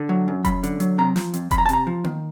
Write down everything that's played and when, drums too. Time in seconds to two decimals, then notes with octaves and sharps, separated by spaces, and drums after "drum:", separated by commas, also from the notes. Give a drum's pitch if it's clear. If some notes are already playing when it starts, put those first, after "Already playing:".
Already playing: D3
0.09 F#3
0.28 F#2
0.45 F#2 B5, drum: kick F1, hi-hat
0.63 D3, drum: hi-hat
0.80 F#3, drum: hi-hat
0.98 C3 A#5
1.16 F3, drum: snare
1.34 F2, drum: hi-hat
1.51 F2 B5, drum: kick F1, hi-hat
1.58 A#5
1.66 A5
1.69 C3 A#5, drum: hi-hat
1.87 F3
2.04 D#3, drum: tom A#3